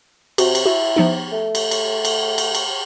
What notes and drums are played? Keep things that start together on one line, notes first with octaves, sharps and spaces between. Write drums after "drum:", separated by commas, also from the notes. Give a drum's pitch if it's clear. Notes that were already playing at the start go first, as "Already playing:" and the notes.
C3 F#4, drum: cymbal
drum: cymbal
E4 F#4
F3 B3 D#4
A3
drum: cymbal
drum: cymbal
drum: cymbal
drum: cymbal
drum: cymbal